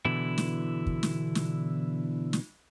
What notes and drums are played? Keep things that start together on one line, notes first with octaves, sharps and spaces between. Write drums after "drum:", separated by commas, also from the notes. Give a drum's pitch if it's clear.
B2 D3 E3 E4
drum: snare
drum: kick
drum: snare
drum: snare
drum: snare